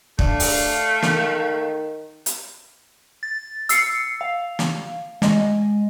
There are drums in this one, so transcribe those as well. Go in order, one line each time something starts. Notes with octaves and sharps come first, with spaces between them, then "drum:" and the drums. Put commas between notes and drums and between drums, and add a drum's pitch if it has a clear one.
A3 D4 F5, drum: kick
drum: open hi-hat
D#3, drum: snare
drum: hi-hat
A6
E6 C7 C#7, drum: hi-hat
F5
drum: snare
G#3 D#5, drum: snare